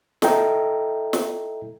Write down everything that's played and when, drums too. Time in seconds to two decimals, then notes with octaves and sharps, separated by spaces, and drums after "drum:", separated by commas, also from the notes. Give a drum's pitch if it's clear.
0.22 E4 A4 D#5 E5 G5 A#5, drum: snare
1.13 drum: snare